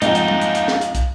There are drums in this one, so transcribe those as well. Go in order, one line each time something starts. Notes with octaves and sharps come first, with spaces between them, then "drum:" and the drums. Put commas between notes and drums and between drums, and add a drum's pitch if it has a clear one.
F2 G#2 D#4 G4 D#5 F5, drum: hi-hat
drum: hi-hat
drum: tom
drum: hi-hat
drum: hi-hat
drum: snare
drum: hi-hat
drum: kick, hi-hat